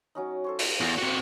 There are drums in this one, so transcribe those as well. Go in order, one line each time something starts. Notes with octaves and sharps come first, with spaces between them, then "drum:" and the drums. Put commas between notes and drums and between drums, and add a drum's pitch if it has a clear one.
F#3 C#4 D#4
A4 C5 C#5
F4, drum: open hi-hat
E2
C3 F#4